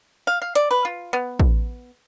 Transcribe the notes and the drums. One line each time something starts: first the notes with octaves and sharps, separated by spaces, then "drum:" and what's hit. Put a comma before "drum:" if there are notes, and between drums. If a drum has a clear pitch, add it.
F5
F5
D5, drum: hi-hat
B4
F4
B3
drum: kick A1